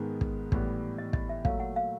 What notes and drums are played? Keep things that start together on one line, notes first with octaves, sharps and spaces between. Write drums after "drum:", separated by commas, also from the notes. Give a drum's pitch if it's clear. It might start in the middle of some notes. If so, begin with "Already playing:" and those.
Already playing: G#2 D#3 G#3 B3
drum: kick
A2 E3 G3 B3, drum: kick
D#5
D#5, drum: kick
E5
A#2 F#3 A3 F5, drum: kick
F#5
F5